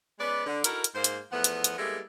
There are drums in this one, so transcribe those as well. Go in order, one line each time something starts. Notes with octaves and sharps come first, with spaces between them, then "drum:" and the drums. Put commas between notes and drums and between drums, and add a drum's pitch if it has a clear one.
G#3 B3 C#4 B4 D5
D3
D#4 E4 F#4 A4 A#4, drum: hi-hat
drum: hi-hat
G#2 A#3 C5
drum: hi-hat
E2 F3 A3 B3 F#5
drum: hi-hat
drum: hi-hat
G3 G#3 A#3 B3 E4 A4